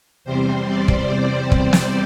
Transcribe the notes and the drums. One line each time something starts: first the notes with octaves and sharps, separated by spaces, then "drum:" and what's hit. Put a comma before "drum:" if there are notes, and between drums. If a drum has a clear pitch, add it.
E2 C3 G3 C4 C5
D5
drum: kick
drum: kick
drum: snare